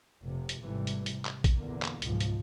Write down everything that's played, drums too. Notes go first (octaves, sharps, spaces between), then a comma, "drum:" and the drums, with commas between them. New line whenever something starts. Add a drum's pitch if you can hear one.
F1 C3
drum: hi-hat
G#1 C3 E3 G3 A3
drum: hi-hat
C3, drum: hi-hat
drum: clap
drum: kick, hi-hat
E2 A#2 D3 A#3
drum: clap
F#1 C#2 G#2 B2 F3, drum: hi-hat
drum: hi-hat